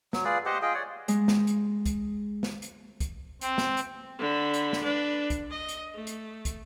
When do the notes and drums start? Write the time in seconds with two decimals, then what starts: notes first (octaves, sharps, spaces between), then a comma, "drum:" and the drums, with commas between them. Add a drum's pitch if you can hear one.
0.13 F#3, drum: snare
0.25 F4 G#4 B4 D5
0.46 G4 C5 D#5 F#5
0.62 F4 G#4 D#5 G5
0.74 C#5 D5 F#5
1.08 G#3, drum: hi-hat
1.28 drum: snare
1.47 drum: hi-hat
1.86 drum: kick, hi-hat
2.43 drum: snare
2.62 drum: hi-hat
3.00 drum: kick, hi-hat
3.41 C4, drum: hi-hat
3.58 drum: snare
3.77 drum: hi-hat
4.19 D3 B5
4.54 drum: hi-hat
4.73 drum: snare
4.83 D4 B4
5.30 drum: kick, hi-hat
5.51 D#5
5.69 drum: hi-hat
5.94 A3
6.07 drum: hi-hat
6.45 drum: kick, hi-hat